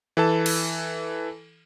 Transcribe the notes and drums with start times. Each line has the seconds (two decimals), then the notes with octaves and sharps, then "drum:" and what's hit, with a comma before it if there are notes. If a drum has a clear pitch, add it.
0.17 E3 A4 A5
0.46 drum: cymbal